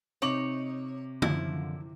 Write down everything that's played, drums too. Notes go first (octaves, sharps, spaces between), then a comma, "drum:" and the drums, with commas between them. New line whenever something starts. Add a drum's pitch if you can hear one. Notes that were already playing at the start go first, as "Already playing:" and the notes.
C3 D#4 C#5 D6 F#7
F#2 D3 F3 E4, drum: tom D3